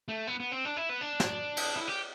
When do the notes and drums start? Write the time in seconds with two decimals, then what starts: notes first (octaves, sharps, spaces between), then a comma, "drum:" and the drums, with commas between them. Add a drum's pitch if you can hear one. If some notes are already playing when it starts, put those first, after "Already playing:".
0.08 A3
0.27 B3
0.40 B3
0.52 C4
0.65 D4
0.77 E4
0.89 B3
1.01 D4
1.20 drum: snare
1.57 drum: cymbal
1.76 E4
1.88 G4